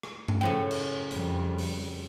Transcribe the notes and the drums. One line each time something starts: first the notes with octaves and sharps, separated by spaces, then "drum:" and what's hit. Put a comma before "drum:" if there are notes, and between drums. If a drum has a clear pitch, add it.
drum: rim click
drum: tom G2
F#2 A2 C#3 F3 G5
drum: cymbal
F2 G3, drum: hi-hat
drum: open hi-hat